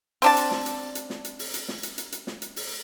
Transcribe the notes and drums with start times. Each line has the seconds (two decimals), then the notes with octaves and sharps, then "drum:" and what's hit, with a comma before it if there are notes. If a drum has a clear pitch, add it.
0.22 C4 D4 A5, drum: open hi-hat
0.37 drum: hi-hat
0.51 drum: snare
0.66 drum: hi-hat
0.95 drum: hi-hat
1.10 drum: snare
1.25 drum: hi-hat
1.39 drum: open hi-hat
1.54 drum: hi-hat
1.68 drum: snare
1.83 drum: hi-hat
1.98 drum: hi-hat
2.12 drum: hi-hat
2.27 drum: snare
2.42 drum: hi-hat
2.56 drum: open hi-hat